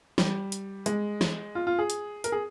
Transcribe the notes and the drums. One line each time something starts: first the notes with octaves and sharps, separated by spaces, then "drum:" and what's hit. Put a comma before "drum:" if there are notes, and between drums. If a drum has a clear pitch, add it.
G3, drum: snare
drum: hi-hat
G#3, drum: hi-hat
drum: snare
F4
F4
G#4
drum: hi-hat
A#4, drum: hi-hat
G#4